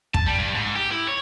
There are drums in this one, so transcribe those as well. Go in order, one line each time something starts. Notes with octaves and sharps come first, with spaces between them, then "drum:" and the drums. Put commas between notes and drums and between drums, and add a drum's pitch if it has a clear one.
A5, drum: kick
G3
G2
G#2
G4
E4
C#5